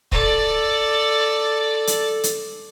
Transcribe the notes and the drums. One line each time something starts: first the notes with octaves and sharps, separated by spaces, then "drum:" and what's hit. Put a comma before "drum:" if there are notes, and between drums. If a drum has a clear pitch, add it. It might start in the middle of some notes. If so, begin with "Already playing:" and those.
A4 D5, drum: kick
drum: hi-hat
drum: hi-hat